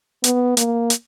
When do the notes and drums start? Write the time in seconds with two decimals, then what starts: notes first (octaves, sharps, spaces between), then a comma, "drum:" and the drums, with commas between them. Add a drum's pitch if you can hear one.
0.24 B3, drum: hi-hat
0.57 A#3, drum: hi-hat
0.90 drum: hi-hat